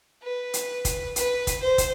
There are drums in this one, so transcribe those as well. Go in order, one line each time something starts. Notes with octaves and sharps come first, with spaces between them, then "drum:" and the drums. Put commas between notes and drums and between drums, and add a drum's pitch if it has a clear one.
B4
drum: hi-hat
drum: kick, hi-hat
B4, drum: hi-hat
drum: kick, hi-hat
C5
drum: kick, hi-hat